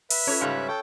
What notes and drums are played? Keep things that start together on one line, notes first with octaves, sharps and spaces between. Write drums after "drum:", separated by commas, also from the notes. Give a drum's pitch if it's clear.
B4 E5, drum: open hi-hat
C#4 F4 A4 C#5
G#2 C#3 G3 F5 F6
A4 G5 C#6